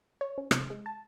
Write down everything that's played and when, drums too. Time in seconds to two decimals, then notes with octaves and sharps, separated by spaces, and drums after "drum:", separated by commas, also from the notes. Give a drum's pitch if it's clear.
0.21 C#5
0.38 C#4
0.51 C3, drum: rim click
0.70 G#3
0.86 A5